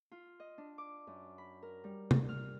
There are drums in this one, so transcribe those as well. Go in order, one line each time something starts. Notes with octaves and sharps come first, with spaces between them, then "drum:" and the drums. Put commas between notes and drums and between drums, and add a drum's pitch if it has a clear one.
F4
D#5
D4
D6
F#2
B5
A#4
G3
drum: tom
F6